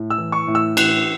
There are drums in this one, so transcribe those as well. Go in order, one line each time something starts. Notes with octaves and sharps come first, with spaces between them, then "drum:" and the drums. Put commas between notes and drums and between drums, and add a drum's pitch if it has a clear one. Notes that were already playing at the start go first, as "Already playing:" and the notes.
Already playing: A2
E6
E3
C#6
A2
E6
E3 F#6, drum: cymbal